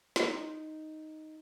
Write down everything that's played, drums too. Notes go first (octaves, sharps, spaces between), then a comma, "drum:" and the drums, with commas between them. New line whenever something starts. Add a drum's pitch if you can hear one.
D#4, drum: snare